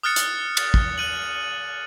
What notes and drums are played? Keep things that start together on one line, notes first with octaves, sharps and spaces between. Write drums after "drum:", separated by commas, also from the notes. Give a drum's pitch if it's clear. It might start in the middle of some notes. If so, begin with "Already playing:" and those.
D#6 F6 F#6 A6 C#7
drum: hi-hat
A6, drum: cymbal
drum: kick
F#6 D#7 F#7